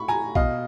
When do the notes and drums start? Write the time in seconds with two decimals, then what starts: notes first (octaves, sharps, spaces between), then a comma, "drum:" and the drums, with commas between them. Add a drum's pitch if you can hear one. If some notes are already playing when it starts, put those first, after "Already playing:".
Already playing: A2 B5 C#6
0.08 G#5 A#5
0.35 B2 D#5 F5, drum: kick A#1